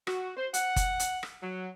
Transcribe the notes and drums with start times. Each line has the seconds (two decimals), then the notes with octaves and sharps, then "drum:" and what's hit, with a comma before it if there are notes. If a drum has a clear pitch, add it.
0.07 F#4, drum: rim click
0.36 C5
0.54 F#5, drum: hi-hat
0.76 drum: kick, hi-hat
1.00 drum: hi-hat
1.23 drum: rim click
1.42 F#3